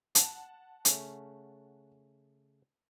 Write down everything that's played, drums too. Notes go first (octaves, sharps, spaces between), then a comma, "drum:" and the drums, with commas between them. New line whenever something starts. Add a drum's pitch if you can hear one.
F#5 A5, drum: hi-hat
C#3 A3 C#4, drum: hi-hat